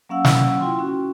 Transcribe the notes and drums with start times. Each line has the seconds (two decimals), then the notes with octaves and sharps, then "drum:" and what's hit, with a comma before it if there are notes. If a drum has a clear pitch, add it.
0.09 F#3 A#3 C#4 F5 F#5 E6
0.25 drum: snare
0.60 E4 F4 G5 C6
0.79 C#4 F#4